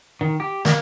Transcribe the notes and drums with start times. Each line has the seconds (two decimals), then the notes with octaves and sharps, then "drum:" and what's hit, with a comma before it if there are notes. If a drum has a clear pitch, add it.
0.21 D#3
0.40 G4
0.65 A#3, drum: snare